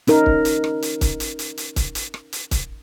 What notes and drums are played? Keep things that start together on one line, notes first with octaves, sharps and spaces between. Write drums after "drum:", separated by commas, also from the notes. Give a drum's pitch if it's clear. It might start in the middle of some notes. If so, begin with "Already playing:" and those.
C#4 D#4 A#4, drum: hi-hat
drum: kick
drum: hi-hat
drum: rim click
drum: hi-hat
drum: kick, hi-hat
drum: hi-hat
drum: hi-hat
drum: hi-hat
drum: kick, hi-hat
drum: hi-hat
drum: rim click
drum: hi-hat
drum: kick, hi-hat